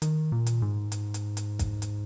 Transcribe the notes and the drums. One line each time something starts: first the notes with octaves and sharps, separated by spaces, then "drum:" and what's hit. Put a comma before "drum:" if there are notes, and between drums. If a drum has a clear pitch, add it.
D#3, drum: hi-hat
A#2
drum: hi-hat
G#2
drum: hi-hat
drum: hi-hat
drum: hi-hat
drum: kick, hi-hat
drum: hi-hat